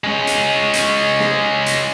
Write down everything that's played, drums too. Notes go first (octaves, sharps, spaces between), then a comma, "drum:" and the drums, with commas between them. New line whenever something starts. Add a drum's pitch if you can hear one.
G#3 C#4
drum: hi-hat
drum: hi-hat
drum: snare
drum: hi-hat